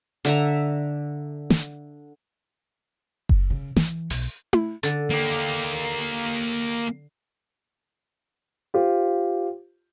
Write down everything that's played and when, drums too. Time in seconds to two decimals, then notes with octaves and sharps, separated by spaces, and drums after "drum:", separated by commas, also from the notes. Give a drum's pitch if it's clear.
0.25 D3 E5 A#5, drum: hi-hat
1.50 drum: snare
3.29 drum: kick F#1
3.50 C#3
3.76 E3, drum: snare
4.10 B1, drum: open hi-hat
4.53 drum: tom E4
4.83 D3, drum: hi-hat
5.10 A#3 G4
8.74 F4 G4 C5